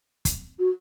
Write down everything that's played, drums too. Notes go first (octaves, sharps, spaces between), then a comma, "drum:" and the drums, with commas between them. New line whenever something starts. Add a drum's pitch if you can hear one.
drum: kick, hi-hat
F#4